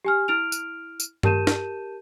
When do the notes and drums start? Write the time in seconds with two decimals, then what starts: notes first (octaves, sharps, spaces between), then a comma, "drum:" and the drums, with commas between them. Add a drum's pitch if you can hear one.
0.05 G4 G#5 F6
0.28 E4 F6 D7 F7
0.52 drum: tambourine
1.00 drum: tambourine
1.23 G4 A#4 A5 G6 D#7 E7, drum: tom G2
1.47 drum: snare